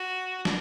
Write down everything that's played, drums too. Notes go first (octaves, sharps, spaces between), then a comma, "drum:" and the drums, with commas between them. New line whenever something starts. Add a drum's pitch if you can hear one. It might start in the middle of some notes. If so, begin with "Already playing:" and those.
Already playing: F#4
drum: snare